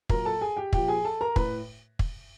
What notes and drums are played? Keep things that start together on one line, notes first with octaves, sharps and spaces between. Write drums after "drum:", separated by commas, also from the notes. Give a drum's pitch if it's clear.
A#2 F#3 A#4 A#5, drum: kick
A4 A5
G#4 G#5
G4 G5
A#2 F3 G4 G5, drum: kick
G#4 G#5
A4 A5
A#4 A#5
A2 B4 B5, drum: kick
drum: kick